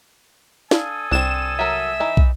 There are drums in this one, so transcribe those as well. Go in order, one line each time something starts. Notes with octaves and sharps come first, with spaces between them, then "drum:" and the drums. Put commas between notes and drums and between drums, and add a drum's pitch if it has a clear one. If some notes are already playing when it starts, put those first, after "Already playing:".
D4 A4 F5 G#5 D#6, drum: snare
C2 C4 D4 E7
F#3 A#4 E5
E3 D#4
drum: kick